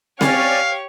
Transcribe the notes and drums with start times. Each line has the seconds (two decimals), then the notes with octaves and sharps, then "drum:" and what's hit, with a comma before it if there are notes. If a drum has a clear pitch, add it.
0.21 C#4 G4 C#5 D5 F5 G#5, drum: snare C4